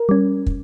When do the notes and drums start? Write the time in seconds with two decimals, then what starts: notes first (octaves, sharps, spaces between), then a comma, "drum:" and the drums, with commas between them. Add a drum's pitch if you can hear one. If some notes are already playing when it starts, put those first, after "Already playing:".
Already playing: A#4
0.09 G3 C#4
0.46 drum: kick